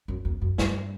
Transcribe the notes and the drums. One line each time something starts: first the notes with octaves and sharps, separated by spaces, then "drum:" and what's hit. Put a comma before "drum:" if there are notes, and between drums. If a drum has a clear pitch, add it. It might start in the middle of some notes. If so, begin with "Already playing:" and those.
F#2
E2
F#2
G2, drum: snare